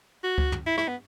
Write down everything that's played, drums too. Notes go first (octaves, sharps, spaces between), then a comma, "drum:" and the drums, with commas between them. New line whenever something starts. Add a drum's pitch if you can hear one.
F#4
drum: kick C#2
drum: tom
E4
E4, drum: rim click
B3